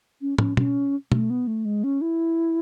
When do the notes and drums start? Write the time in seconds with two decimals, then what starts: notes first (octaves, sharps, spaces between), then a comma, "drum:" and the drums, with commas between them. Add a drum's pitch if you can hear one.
0.21 C#4
0.38 C#4, drum: tom
0.57 C#4, drum: tom B2
1.12 A3, drum: tom B2
1.30 B3
1.47 A3
1.65 G#3
1.84 C#4
2.01 E4